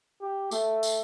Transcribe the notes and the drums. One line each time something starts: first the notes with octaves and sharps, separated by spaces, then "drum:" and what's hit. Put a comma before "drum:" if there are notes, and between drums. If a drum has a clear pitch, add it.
G4
A3, drum: tambourine
drum: tambourine